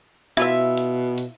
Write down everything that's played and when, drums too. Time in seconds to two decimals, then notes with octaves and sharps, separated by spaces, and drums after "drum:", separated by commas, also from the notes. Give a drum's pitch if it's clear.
0.37 B2 E4 F4 E5, drum: rim click
0.77 drum: hi-hat
1.18 drum: hi-hat